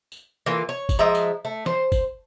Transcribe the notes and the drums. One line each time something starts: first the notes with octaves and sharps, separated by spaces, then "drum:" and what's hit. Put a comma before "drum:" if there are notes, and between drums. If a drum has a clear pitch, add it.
drum: tambourine
E3 A#3 F4 A4
C#5
drum: kick, tambourine
F3 G#3 E5 A#5
drum: tambourine
A3
C5, drum: snare
drum: kick, tambourine